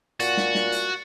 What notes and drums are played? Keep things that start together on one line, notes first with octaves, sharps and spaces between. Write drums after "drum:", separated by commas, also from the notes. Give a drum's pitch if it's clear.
A#2 F#4 A6 C#7, drum: hi-hat
drum: snare
drum: snare
drum: hi-hat